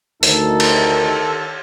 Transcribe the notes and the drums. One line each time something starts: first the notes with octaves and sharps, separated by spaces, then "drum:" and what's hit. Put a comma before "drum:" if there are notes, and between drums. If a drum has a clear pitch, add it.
D2 D#3 D#4 A4, drum: hi-hat
drum: cymbal